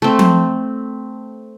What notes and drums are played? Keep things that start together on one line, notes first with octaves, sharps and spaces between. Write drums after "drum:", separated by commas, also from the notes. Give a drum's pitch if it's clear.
A3 C4
drum: tom F3